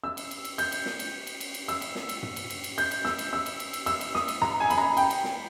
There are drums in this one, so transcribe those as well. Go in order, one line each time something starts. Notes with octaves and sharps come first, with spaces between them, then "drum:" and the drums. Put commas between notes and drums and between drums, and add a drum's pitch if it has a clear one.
E6
drum: cymbal
drum: cymbal
drum: cymbal
G6, drum: cymbal
drum: cymbal
drum: snare
drum: cymbal
drum: cymbal
drum: cymbal
drum: cymbal
E6, drum: cymbal
drum: cymbal
drum: snare
drum: cymbal
drum: tom
drum: cymbal
drum: cymbal
drum: cymbal
G6, drum: cymbal
drum: cymbal
E6, drum: snare
drum: cymbal
E6
drum: cymbal
drum: cymbal
drum: cymbal
E6, drum: cymbal
drum: cymbal
D#6, drum: snare
drum: cymbal
A#5, drum: tom
G#5
B5, drum: cymbal
A#5
G5, drum: cymbal
drum: cymbal
drum: snare